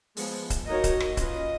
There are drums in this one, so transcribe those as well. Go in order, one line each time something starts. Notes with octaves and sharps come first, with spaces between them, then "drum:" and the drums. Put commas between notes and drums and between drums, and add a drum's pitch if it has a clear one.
F3 G#3 B3, drum: open hi-hat
drum: kick C#1, hi-hat
A#3 D#4 F#4 A#4 C#5 D#5
drum: kick C#1, hi-hat
drum: rim click
C#4 F4 B4 D#5, drum: kick C#1, hi-hat